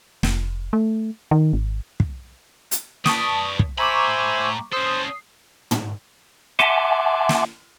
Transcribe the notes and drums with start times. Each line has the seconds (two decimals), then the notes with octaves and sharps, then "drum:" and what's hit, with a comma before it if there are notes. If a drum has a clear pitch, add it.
0.23 F1, drum: snare
0.73 A3
1.31 D#3
1.53 G#1
2.00 drum: kick
2.71 drum: hi-hat
3.06 B4 D5 A5 C#6 D#6, drum: snare
3.59 drum: kick
3.78 A2 C5 E5 G#5 A#5 B5 C#6 D6
4.72 C#4 A4 C5 D#6 C7
5.71 drum: tom
6.59 E5 F#5 G#5 A5 C6 D6, drum: rim click
7.29 drum: snare